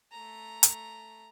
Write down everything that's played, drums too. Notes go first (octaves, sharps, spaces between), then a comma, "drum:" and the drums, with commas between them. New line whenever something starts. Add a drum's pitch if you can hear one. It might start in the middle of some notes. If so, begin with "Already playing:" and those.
A3 A#5
drum: hi-hat